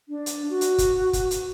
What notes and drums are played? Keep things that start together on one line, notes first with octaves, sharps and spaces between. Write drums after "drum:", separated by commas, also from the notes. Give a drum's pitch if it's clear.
D4
drum: hi-hat
F#4
drum: hi-hat
drum: kick, hi-hat
drum: kick, hi-hat
drum: hi-hat